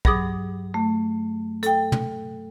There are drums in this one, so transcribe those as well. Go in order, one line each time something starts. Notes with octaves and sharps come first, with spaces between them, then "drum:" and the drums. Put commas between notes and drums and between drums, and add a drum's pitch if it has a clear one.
G2 F#3 G#4 D6 D#6, drum: kick
A3
A4 G5, drum: hi-hat
drum: tom